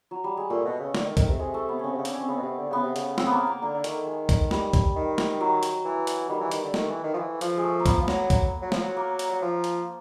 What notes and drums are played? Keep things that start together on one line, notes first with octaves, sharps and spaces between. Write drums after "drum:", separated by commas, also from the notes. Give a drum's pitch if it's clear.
F#3
G3
G#3
A#2 A3
B2
C#3
D3, drum: snare
D#3
D#3, drum: kick, hi-hat
C3
C3 G#3
A3
B3
C#3 C4 C#4
C3
C#3
D4, drum: hi-hat
C#4
C4
C#3 B3
B2
C3
D3
C#3 B3
C3
C#3, drum: hi-hat
C4, drum: snare
B3
A#3
A#3
D3 A#3
D3
D#3 A3, drum: hi-hat
G#3
drum: kick, hi-hat
G3, drum: snare
drum: kick, hi-hat
D#3
drum: snare
F#3
drum: hi-hat
E3
drum: hi-hat
D#3 G3
E3
D#3, drum: hi-hat
D3
D#3 A3, drum: snare
E3
D#3
F3
E3
F3, drum: hi-hat
G#3
A3
A#3
B3, drum: kick, hi-hat
F3
F#3 A#3, drum: snare
drum: kick, hi-hat
F#3
F3, drum: snare
F#3
A#3
drum: hi-hat
F#3
F3
drum: hi-hat